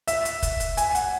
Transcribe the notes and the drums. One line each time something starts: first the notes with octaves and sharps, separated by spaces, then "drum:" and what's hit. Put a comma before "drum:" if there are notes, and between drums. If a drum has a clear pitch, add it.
E5, drum: hi-hat
drum: hi-hat
drum: kick, hi-hat
drum: hi-hat
G#5, drum: hi-hat
F#5, drum: hi-hat